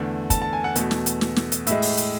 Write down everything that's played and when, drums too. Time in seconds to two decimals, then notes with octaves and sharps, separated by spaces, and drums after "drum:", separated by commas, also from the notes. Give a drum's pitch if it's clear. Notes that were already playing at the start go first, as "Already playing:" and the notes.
Already playing: E2 D3 A3
0.30 A5, drum: kick, hi-hat
0.42 A5
0.53 G#5
0.64 F#5
0.75 E2 B2 A3, drum: hi-hat
0.91 drum: snare
1.06 drum: hi-hat
1.21 drum: snare
1.36 drum: snare
1.52 drum: hi-hat
1.67 A2 G#3 E5, drum: hi-hat
1.82 drum: open hi-hat
1.97 drum: hi-hat